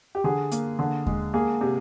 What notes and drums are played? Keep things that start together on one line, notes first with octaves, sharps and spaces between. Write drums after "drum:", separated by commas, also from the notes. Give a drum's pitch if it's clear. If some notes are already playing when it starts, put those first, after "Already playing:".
G4
D3 G#4
A#3, drum: hi-hat
D3
G#3, drum: kick D#2
A#3 G#4
C3